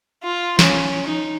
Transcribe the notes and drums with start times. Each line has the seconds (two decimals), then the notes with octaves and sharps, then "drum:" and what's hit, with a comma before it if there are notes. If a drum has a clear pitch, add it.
0.23 F4
0.59 C#4, drum: snare
1.06 D#4